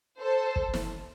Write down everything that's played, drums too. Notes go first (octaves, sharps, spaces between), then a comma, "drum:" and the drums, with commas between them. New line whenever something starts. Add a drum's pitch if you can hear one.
A4 C5
drum: kick
drum: snare